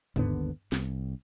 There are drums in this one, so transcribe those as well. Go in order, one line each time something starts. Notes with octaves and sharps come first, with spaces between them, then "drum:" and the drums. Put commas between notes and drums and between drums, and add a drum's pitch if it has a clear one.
G#1 D#2 D3 B3, drum: tom
C2, drum: snare